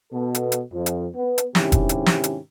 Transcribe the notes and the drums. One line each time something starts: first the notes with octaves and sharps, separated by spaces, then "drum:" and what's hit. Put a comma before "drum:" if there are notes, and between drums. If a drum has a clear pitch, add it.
B2 B3 A4
drum: hi-hat
drum: hi-hat
F2
drum: hi-hat
B3
drum: hi-hat
G#2 C3 D#3 C#4 E4 G4, drum: snare
drum: kick F1, hi-hat
drum: hi-hat
drum: snare
drum: hi-hat